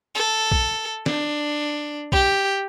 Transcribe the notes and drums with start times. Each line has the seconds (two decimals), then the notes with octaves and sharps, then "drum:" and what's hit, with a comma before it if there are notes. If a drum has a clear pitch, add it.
0.15 A4
0.51 drum: kick
1.06 D4, drum: snare
2.12 G4, drum: kick